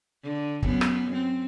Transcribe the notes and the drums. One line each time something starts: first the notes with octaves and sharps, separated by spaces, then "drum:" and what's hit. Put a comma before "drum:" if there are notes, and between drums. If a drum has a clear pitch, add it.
D3
F#2 B3, drum: kick
drum: rim click
C4